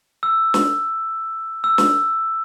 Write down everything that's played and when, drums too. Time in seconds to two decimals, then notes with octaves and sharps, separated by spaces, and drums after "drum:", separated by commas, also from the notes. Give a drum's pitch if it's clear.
0.23 E6
0.54 drum: snare
1.64 E6
1.78 drum: snare